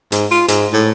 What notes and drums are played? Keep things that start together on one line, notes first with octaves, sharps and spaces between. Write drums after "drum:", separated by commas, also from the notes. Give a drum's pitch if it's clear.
G#2, drum: hi-hat
F4
G#2, drum: hi-hat
A2